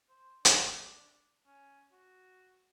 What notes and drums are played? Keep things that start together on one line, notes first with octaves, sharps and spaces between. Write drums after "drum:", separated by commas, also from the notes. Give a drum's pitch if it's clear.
C5
D4, drum: hi-hat
C#4
F#4